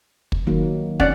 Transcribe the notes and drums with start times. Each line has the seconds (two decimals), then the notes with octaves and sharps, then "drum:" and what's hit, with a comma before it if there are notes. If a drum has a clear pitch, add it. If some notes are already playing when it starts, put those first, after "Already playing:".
0.32 drum: kick
0.47 D#3 F#3 A#3
1.00 C#4 D4 D5 F#5, drum: kick